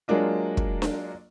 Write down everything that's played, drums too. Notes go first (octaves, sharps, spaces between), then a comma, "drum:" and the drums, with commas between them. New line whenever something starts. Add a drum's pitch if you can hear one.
F#3 G#3 A#3 D4 F4
drum: kick
drum: snare D4